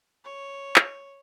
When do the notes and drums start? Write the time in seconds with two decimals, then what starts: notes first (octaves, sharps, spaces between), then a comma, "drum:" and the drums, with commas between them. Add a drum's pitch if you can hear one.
0.24 C#5
0.76 drum: clap